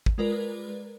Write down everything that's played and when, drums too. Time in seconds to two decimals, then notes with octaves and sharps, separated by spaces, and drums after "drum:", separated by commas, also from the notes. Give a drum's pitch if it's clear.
0.06 drum: kick
0.18 G#3 F4 A#4 B4 D5